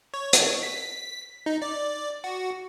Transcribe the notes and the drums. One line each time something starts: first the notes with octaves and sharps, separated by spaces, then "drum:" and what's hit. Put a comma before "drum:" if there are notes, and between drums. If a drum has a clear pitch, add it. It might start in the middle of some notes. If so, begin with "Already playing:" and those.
C#5
drum: hi-hat
B6
D#4
D5
F#4